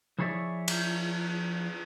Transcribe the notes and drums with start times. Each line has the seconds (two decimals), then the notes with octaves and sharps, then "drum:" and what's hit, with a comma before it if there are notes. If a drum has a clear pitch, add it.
0.18 F3 E4 G#4 C#5 D5 E5
0.68 drum: cymbal